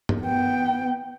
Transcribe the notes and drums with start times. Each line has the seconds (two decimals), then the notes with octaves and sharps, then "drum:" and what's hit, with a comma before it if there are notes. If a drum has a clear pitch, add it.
0.09 drum: tom
0.22 B3 G5